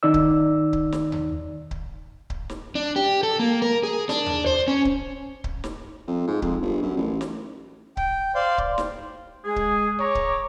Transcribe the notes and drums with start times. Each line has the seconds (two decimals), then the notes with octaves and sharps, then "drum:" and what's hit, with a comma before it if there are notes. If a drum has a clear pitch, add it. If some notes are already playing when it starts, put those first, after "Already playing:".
0.03 D#3 D#4 D5 E6
0.14 drum: kick C#1
0.73 drum: kick C#1
0.92 drum: snare
1.12 drum: tom D#2
1.71 drum: kick C#1
2.30 drum: kick C#1
2.50 drum: snare
2.75 D4
2.96 G4
3.23 A4
3.39 A#3
3.62 A#4
3.83 G#4
4.09 D4, drum: snare
4.26 drum: tom D#2
4.46 C5
4.68 C#4
4.85 drum: kick C#1
5.44 drum: kick C#1
5.64 drum: snare
6.08 F2
6.28 G#2
6.42 F2, drum: kick C#1
6.62 G1
6.82 F#2
6.97 A1
7.21 drum: snare
7.97 G5, drum: kick C#1
8.35 C5 D5 F5 C6
8.58 drum: kick C#1
8.78 drum: snare
9.45 G#3 G#4
9.56 drum: kick C#1
10.00 C#5 A#5 D6
10.15 drum: kick C#1